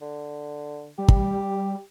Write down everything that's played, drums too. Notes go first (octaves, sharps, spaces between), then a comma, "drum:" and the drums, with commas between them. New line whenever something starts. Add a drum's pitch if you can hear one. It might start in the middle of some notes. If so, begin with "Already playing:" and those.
D3
G3 G4
drum: kick